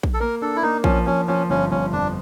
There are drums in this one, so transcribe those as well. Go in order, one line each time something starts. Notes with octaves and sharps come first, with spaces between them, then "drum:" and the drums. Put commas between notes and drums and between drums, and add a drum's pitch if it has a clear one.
drum: kick A#1
A4
A#3 A#4
D4 A4
E4
A#3 D#4
F3 C#4, drum: kick A#1
F3 C#4
F3 C#4
G1 C#4
G1 C#4
F2 D4